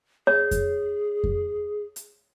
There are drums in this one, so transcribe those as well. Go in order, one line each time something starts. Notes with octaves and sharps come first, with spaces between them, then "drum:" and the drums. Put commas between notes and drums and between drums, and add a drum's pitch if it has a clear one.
G#4 C#5
drum: kick F2, hi-hat
drum: kick F2
drum: hi-hat